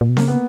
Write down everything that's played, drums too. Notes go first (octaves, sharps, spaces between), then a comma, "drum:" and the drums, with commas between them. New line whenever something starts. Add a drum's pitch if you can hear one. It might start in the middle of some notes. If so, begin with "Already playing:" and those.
A#2
B2
C#3 A#3, drum: snare C4
B3